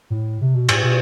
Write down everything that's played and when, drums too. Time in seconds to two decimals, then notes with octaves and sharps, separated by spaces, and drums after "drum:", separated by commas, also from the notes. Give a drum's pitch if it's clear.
0.10 A2
0.41 C3
0.55 B2
0.69 A2, drum: cymbal
0.83 B2